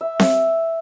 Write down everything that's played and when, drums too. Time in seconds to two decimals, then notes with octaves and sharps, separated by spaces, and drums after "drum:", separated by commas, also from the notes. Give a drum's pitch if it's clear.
0.01 E5
0.19 drum: snare C4